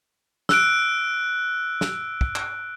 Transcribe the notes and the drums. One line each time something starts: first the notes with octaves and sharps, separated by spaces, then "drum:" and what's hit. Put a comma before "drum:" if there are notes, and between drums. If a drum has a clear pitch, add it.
E6 F#6 D7, drum: snare
drum: snare
drum: kick
drum: clap